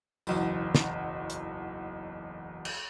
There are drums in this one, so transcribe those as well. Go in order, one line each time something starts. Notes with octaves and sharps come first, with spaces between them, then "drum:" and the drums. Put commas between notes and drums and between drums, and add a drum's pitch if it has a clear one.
F#1 B1 E2, drum: tambourine
drum: snare
drum: hi-hat
drum: cymbal